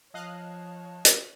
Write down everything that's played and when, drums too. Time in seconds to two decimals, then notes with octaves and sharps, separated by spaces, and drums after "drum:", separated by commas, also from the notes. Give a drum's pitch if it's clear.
0.14 F3 C#5 D#5 F5 A5 F#6
1.05 drum: hi-hat